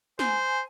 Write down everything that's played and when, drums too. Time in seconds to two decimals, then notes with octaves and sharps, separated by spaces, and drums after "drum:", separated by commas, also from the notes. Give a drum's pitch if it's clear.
0.19 C5 G#5, drum: snare